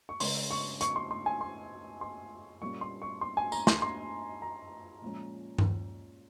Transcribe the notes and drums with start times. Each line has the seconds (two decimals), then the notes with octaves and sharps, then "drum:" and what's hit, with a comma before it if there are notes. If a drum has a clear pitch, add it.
0.09 C#6
0.20 C#3 G#3 C#4 C6, drum: open hi-hat
0.51 C#6
0.81 C#6, drum: hi-hat
0.96 C6
1.11 C6
1.26 G#5
1.41 C6
2.01 C6
2.61 A#2 G3 A#3 C#4 C#6
2.81 C6
3.02 C#6
3.21 C6
3.37 G#5
3.52 A#5, drum: tambourine
3.67 C6, drum: snare
3.82 C6
4.42 A#5
5.02 A#2 F3 G#3 C#4
5.59 drum: tom G2